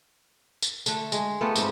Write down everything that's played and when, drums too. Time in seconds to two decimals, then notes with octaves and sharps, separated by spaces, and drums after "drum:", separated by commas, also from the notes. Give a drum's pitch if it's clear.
0.62 drum: tambourine
0.86 D3 A3, drum: tambourine
1.12 G#3, drum: tambourine
1.41 A3 B3 F4 G4
1.56 G#2 G3 C4, drum: tambourine